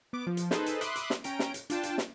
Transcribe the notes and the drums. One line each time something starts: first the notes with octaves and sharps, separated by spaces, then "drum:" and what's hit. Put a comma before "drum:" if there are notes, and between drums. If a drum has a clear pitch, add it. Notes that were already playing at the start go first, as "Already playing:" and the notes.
B3 D6
F3
drum: hi-hat
D#4 G#4 A4 B4 C5, drum: snare
drum: hi-hat
E5 B5 C6 D6 D#6 F#6, drum: hi-hat
drum: hi-hat
drum: snare
C#4 G5 A#5 D7, drum: hi-hat
drum: snare
drum: hi-hat
D4 F4 G5 A5, drum: hi-hat
drum: hi-hat
drum: snare